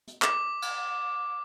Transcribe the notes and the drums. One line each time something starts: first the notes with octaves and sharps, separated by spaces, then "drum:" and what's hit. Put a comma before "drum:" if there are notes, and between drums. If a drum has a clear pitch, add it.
drum: hi-hat
D6, drum: clap
drum: cymbal